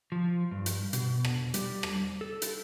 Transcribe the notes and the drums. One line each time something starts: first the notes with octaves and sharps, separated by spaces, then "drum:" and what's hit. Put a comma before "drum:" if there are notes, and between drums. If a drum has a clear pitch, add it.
F3
G2
drum: hi-hat
B2, drum: hi-hat
drum: rim click
G3, drum: hi-hat
drum: rim click
A4
drum: hi-hat